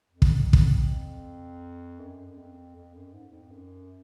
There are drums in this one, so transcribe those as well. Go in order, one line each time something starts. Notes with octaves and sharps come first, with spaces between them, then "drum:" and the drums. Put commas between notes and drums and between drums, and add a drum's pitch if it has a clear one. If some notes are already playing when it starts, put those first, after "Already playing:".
F2
drum: kick
drum: kick
F#2
F#2
F2
F2
F#2
G#2
F2
F#2